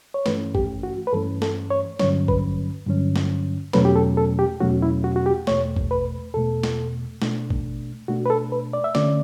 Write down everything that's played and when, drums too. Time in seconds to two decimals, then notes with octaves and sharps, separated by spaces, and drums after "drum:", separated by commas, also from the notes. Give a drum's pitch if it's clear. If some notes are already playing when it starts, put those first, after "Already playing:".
0.14 C#5
0.26 G2 E3 A3 C#4 B4, drum: snare
0.55 G4, drum: kick
0.83 F#4
1.07 B4
1.13 G2 E3 A3 C#4 A4
1.42 A4, drum: snare
1.70 C#5
1.99 G2 D3 F#3 C#4 C#5, drum: snare
2.28 B4, drum: kick
2.87 G2 D3 F#3 C#4
3.16 drum: snare
3.73 E2 B2 F#3 A3 C#4 B4, drum: snare
3.85 G4
3.95 A4
4.17 A4
4.39 G4
4.60 E2 B2 F#3 A3 C#4 F#4
4.82 E4
5.04 F#4
5.16 F#4
5.26 G4
5.47 E2 B2 A3 C#5, drum: snare
5.76 drum: kick
5.91 B4
6.34 E2 B2 A3 A4
6.63 drum: snare
7.22 B2 A3 D4, drum: snare
7.50 drum: kick
8.08 B2 A3 D4 F#4
8.26 B4
8.30 A4
8.52 B4
8.73 D5
8.84 E5
8.95 D3 A3 C#4 D5, drum: snare